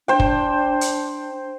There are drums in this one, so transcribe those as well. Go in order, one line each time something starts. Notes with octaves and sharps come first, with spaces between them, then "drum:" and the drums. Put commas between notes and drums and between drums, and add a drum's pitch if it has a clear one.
D4 C5 G5
drum: kick
drum: hi-hat